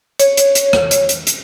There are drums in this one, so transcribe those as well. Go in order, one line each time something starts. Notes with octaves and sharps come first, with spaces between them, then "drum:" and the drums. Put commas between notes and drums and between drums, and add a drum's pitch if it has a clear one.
C#5, drum: hi-hat
drum: hi-hat
drum: hi-hat
drum: rim click
drum: hi-hat
drum: hi-hat
drum: hi-hat